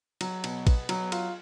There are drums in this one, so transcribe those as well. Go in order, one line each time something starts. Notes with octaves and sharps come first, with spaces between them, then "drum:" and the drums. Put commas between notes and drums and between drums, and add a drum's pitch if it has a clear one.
F#3, drum: cymbal
B2, drum: cymbal
B3, drum: kick A1, cymbal
F#3, drum: cymbal
F4, drum: cymbal